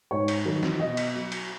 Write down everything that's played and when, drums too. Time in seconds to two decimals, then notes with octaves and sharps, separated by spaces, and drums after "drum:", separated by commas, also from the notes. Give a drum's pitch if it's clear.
0.11 G#2 C#5
0.28 drum: cymbal
0.45 D#3 F#3
0.63 drum: snare
0.80 B2 D#5
0.97 drum: cymbal
1.15 F#3
1.32 drum: cymbal